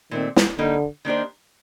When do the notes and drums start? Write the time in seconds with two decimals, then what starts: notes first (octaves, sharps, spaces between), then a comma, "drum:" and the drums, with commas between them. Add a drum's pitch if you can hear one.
0.11 A#2 D#3 A3 C4
0.36 drum: snare
0.58 D3 G3 A#3 D#4
1.05 D#3 A#3 D4 G4 C5